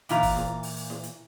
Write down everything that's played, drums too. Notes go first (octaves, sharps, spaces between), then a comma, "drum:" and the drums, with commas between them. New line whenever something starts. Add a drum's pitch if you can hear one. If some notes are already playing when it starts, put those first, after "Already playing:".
A#2 E3 F4 A#5, drum: hi-hat
drum: kick, open hi-hat
drum: snare E4
drum: open hi-hat
drum: open hi-hat
drum: snare E4
drum: hi-hat